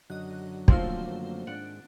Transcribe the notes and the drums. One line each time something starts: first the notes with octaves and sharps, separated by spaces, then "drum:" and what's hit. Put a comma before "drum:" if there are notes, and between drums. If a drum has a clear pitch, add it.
F#2 D3 F#3 D#5 F#6
D#3 F3 A3 A#3 C4 C5, drum: kick
G#2 D4 F#5